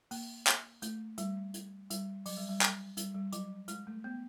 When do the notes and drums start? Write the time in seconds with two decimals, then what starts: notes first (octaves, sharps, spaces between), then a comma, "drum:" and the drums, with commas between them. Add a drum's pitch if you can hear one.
0.11 A#3, drum: open hi-hat
0.47 drum: clap
0.82 A3, drum: hi-hat
1.18 G3, drum: hi-hat
1.54 drum: hi-hat
1.90 G3, drum: hi-hat
2.26 F#3, drum: open hi-hat
2.37 G3
2.49 G3
2.61 drum: clap
2.97 G3, drum: hi-hat
3.14 G3
3.33 F#3, drum: hi-hat
3.68 G#3, drum: hi-hat
3.87 A3
4.04 B3